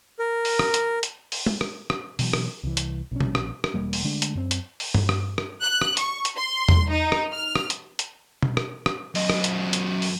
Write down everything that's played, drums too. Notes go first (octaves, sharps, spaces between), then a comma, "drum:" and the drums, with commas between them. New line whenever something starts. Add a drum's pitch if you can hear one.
A#4
drum: open hi-hat
drum: rim click
drum: hi-hat
drum: hi-hat
drum: open hi-hat
drum: tom
drum: rim click
drum: rim click
B2 E3 F#3, drum: open hi-hat
drum: rim click
C2 E3
drum: hi-hat
A#1 C#4
drum: tom B2
drum: rim click
drum: rim click
E1 G3 A#3
drum: open hi-hat
D3 G#3 A3 D4
drum: hi-hat
F#2 C4
drum: hi-hat
drum: open hi-hat
drum: tom G2
drum: rim click
drum: rim click
F#6
drum: rim click
C#6, drum: hi-hat
drum: hi-hat
C6
drum: tom E2
D#4
drum: rim click
F6
drum: rim click
drum: hi-hat
drum: hi-hat
drum: tom B2
drum: rim click
drum: rim click
F#2 D#5, drum: open hi-hat
drum: rim click
drum: hi-hat
drum: hi-hat
drum: open hi-hat